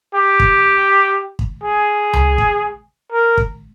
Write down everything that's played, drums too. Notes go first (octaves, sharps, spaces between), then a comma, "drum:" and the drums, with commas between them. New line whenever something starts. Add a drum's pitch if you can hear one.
G4
drum: kick
drum: kick
G#4
drum: tom C#2
drum: kick
A#4
drum: kick